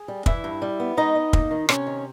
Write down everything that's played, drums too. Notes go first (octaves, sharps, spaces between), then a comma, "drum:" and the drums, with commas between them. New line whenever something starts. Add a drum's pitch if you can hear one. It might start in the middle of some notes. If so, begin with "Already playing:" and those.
Already playing: G#4
G3
E3 E4 E5, drum: kick
G2
G3
B3
G#3 D#4 D#5
B3
A#3, drum: kick
D#3
C3 C#4 C#5, drum: rim click
D#3